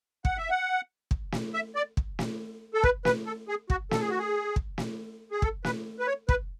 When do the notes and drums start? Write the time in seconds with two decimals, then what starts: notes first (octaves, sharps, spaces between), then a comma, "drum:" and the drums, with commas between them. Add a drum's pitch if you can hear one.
0.25 F#5, drum: kick
0.37 E5
0.50 F#5
1.11 drum: kick
1.32 drum: snare
1.54 E5
1.76 D5
1.97 drum: kick
2.19 drum: snare
2.74 A4
2.83 B4, drum: kick
3.05 B4, drum: snare
3.26 A4
3.48 G#4
3.70 F#4, drum: kick
3.91 A4, drum: snare
4.00 G#4
4.10 F#4
4.18 G#4
4.56 drum: kick
4.78 drum: snare
5.31 G#4
5.42 A4, drum: kick
5.64 B4, drum: snare
5.99 B4
6.07 C#5
6.29 B4, drum: kick